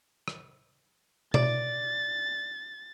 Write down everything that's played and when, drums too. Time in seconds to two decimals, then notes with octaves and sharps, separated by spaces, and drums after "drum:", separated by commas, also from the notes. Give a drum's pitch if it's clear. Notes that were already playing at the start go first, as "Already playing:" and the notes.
0.28 drum: rim click
1.34 D5 A6, drum: tom B2